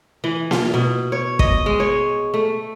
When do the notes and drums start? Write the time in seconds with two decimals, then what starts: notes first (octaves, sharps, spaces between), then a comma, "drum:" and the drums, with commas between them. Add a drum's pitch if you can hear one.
0.24 E3
0.51 F4, drum: snare A#3
0.74 B2
1.12 C#5
1.39 D#5, drum: kick
1.66 G#3
1.80 C#5
2.34 A3